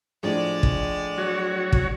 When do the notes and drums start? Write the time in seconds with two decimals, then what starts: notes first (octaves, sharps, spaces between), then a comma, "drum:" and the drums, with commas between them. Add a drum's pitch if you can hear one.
0.23 A2 F3 G#3 D4 D5
0.63 drum: kick
1.18 F#3 F#4 C#5
1.72 drum: kick